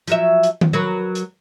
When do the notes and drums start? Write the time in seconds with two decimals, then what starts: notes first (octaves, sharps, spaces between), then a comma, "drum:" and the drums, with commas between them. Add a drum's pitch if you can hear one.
0.07 F3 F#3 E5, drum: hi-hat
0.43 drum: hi-hat
0.61 drum: tom D#3
0.73 F#3 A#4 B4
1.15 drum: hi-hat